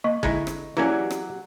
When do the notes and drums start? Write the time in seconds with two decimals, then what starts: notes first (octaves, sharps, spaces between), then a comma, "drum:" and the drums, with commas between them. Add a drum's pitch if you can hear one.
0.04 A#3 D#5 C#6
0.23 D3 G#3 D#4 E4, drum: kick
0.47 drum: rim click
0.77 E3 F#3 A#3 C#4 G4 G#4 D5
1.11 drum: rim click